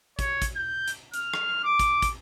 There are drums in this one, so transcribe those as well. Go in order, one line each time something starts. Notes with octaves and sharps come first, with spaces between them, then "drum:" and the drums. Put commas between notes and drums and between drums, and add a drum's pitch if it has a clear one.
C#5, drum: kick, hi-hat
drum: kick, hi-hat
G6
drum: hi-hat
F6, drum: hi-hat
drum: rim click
D6
drum: kick, hi-hat
drum: kick, hi-hat